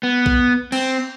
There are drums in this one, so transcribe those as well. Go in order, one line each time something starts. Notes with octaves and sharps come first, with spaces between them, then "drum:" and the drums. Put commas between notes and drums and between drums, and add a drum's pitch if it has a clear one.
B3
drum: kick B1
C4, drum: cymbal